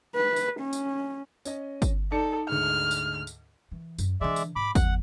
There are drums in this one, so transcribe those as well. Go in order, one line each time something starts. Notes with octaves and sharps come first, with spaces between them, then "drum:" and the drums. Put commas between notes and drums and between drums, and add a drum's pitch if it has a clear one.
B4
drum: tambourine
C#4
drum: tambourine
C#4 D#5, drum: tambourine
drum: kick, tambourine
D#4 A4 D5 C#7
D2 G#2 F6
drum: tambourine
drum: tambourine
E3
F#2, drum: tambourine
D3 E3 G#3 D5 E5
drum: tambourine
G#2 B5 D6
E2 F#3 F#5, drum: kick, tambourine